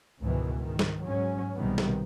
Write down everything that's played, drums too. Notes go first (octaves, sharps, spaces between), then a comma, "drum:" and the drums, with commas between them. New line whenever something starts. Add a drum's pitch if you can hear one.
C#2 G#2 B2 D#3 E3
G#2 D#3
drum: snare
G#2 F#3 C#4
B1 C3 D#3 G3 B3
drum: snare